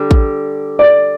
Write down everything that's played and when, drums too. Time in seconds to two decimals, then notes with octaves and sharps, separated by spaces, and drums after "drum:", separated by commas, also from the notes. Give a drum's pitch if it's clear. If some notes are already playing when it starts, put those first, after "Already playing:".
Already playing: D3 G3
0.11 drum: kick A1
0.79 D5